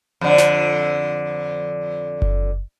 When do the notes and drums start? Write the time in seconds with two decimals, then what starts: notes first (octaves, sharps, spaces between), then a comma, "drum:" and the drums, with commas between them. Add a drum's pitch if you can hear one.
0.21 F2 D3
0.38 drum: snare
2.22 drum: kick F#1